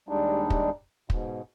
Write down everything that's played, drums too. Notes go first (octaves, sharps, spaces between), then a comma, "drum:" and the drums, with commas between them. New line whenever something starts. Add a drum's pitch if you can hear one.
D#2 G3 G#3 D4 D#4
drum: kick
G#2 B2, drum: kick